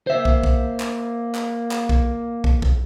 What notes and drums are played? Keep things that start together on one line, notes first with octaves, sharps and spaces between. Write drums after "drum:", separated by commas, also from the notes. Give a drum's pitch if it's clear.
A#3 C5 E5
drum: kick
drum: kick
drum: clap
drum: clap
drum: clap
drum: kick
drum: kick
drum: kick